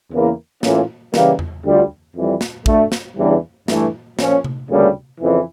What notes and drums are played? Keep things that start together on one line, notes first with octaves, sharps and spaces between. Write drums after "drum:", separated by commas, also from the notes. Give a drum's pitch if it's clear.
E2 C#3 E3 A#3 E4
A2 E3 A#3 C#4 F4, drum: snare
C#3 E3 G3 A#3, drum: snare
drum: tom E2
D2 D3 G3 D4 F4
F2 E3 G3
drum: snare
D2 D3 A3, drum: kick
drum: snare
E2 C#3 E3 G3 D4
G2 E3 A3, drum: snare
A#2 F3 C#4, drum: snare
drum: tom C3
D2 C#3 G3 A#3 D4
F2 C#3 E3